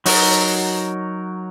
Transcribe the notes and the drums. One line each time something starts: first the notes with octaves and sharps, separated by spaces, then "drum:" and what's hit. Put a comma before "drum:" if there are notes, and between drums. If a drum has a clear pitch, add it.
F#3 D#4 F#4 A#4, drum: open hi-hat